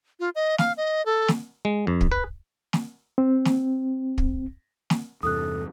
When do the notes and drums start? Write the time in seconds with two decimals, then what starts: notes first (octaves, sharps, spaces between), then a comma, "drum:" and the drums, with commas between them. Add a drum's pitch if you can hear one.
0.20 F4
0.35 D#5
0.58 F5, drum: snare
0.77 D#5
1.06 A4
1.28 drum: snare
1.65 G#3
1.87 F2
2.01 drum: kick
2.12 B4
2.73 drum: snare
3.18 C4
3.45 drum: snare
4.18 drum: kick
4.90 drum: snare
5.23 E2 G2 C3 A4 D#6 F#6